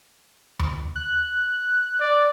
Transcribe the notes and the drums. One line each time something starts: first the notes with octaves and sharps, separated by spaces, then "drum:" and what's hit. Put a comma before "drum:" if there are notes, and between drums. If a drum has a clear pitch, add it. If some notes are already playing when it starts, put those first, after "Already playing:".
drum: tom D#2
F#6
D5